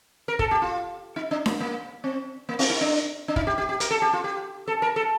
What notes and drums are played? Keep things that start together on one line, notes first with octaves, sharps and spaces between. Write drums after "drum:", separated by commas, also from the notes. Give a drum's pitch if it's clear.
A#4
A4, drum: kick
G4
F4
D#4
D4
A#3, drum: snare D4
A#3
C4
A#3
C4, drum: open hi-hat
D#4
D4
D4
D#4, drum: kick
G4
G4
G4
A#4, drum: hi-hat
A4
G4
F4
G4
A4
A#4
A4